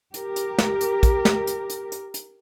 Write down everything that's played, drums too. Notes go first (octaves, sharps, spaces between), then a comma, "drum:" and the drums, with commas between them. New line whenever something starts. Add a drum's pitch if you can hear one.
G4 A#4, drum: hi-hat
drum: hi-hat
drum: snare
drum: hi-hat
drum: kick, hi-hat
drum: snare
drum: hi-hat
drum: hi-hat
drum: hi-hat
drum: hi-hat